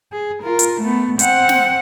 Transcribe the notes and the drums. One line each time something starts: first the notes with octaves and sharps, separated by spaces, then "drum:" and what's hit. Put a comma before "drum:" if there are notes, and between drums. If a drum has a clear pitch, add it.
G#4
F4 A#4
drum: hi-hat
A3 B3
C4 F#5, drum: hi-hat
drum: snare